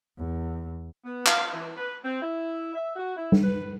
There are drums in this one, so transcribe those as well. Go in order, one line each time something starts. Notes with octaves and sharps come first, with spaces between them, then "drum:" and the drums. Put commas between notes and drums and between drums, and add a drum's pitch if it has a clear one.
E2
B3
F5, drum: clap
E3
B4
C4
E4
E5
F#4
E4
drum: tom G3
B4